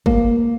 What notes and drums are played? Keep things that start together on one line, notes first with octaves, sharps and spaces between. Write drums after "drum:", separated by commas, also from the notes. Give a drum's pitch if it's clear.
A#3, drum: kick G1